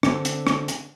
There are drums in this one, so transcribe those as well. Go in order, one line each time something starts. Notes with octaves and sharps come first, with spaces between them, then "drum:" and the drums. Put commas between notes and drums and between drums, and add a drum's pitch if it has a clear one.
D3 C4, drum: rim click
drum: hi-hat
drum: rim click
drum: hi-hat